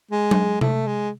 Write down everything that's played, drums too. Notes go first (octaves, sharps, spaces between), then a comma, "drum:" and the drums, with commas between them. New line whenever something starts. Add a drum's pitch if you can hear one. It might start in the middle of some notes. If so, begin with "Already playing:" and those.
G#3
drum: tom F#3
A3, drum: tom C3
G#3